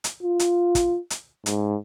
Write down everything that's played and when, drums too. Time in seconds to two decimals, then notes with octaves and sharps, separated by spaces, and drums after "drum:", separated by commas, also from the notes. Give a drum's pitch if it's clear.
0.04 drum: hi-hat
0.23 F4
0.39 drum: hi-hat
0.75 drum: kick, hi-hat
1.10 drum: hi-hat
1.46 G#2, drum: hi-hat